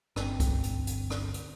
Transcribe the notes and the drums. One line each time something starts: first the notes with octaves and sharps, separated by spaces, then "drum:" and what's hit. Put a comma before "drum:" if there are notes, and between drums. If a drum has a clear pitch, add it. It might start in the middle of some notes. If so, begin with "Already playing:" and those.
G1 C4, drum: rim click
drum: kick C#2, hi-hat
drum: hi-hat
drum: hi-hat
drum: rim click
drum: hi-hat